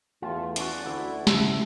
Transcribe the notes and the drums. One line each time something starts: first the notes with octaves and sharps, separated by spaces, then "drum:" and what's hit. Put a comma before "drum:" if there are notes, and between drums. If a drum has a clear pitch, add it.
E2 A3 F4
C#4 D4 F#4 D5, drum: hi-hat
D2 E4
G#2 C#3 A4, drum: snare